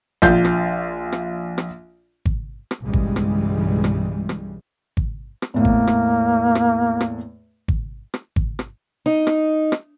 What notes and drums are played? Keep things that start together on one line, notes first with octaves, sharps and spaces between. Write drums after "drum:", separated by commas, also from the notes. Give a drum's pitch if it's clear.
A#1 F4 F5 G6, drum: kick G#1
drum: rim click
drum: rim click
drum: rim click
drum: kick G#1
drum: rim click
B1 G2 C#3 E3 G3 G#3
drum: kick G#1
drum: rim click
drum: rim click
drum: rim click
drum: kick G#1
drum: rim click
E2 A2 A#3
drum: kick G#1
drum: rim click
drum: rim click
drum: rim click
drum: kick G#1
drum: rim click
drum: kick G#1
drum: rim click
D#4
drum: rim click
drum: rim click